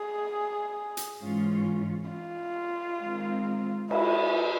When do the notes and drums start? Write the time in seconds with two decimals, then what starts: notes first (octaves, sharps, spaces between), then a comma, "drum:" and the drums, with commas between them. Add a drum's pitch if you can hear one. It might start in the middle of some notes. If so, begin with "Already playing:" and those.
Already playing: G#4
0.97 drum: hi-hat
1.20 G#2 E3 G#3 C#4 F4
2.10 F4
3.01 D#3 G#3 C4
3.91 E4, drum: cymbal